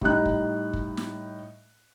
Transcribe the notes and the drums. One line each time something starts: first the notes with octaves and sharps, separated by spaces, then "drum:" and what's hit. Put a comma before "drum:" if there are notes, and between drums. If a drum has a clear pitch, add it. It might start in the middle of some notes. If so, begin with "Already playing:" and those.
A2 G3 D#4 F#6, drum: kick
drum: kick
drum: kick
drum: snare